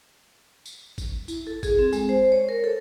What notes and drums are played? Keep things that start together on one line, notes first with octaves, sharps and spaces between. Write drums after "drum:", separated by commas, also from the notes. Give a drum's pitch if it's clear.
drum: tambourine
drum: kick G#1, tambourine
E4, drum: tambourine
A4
G#4, drum: kick G#1, tambourine
C4
G#3, drum: tambourine
C5
C#5
A#4
A4